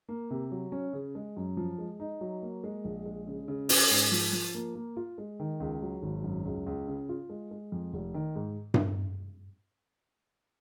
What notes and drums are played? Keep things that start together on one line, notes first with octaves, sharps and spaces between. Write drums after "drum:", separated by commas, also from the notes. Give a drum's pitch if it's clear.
A#3
C3
F#3
C#4
C#3
G#3
F#2
F3
G#3
D#4
F#3
A#3
G#3
A#1
G#3
C#3
C#3
C#4, drum: open hi-hat
G#2
F3
F3
A#3
A#3
F4
G#3
D#3
C#2
F#3
G#1
F#2
C#2
C#2
C#3
F4
G#3
G#3
F2
F1
D#3
G#2
drum: tom G2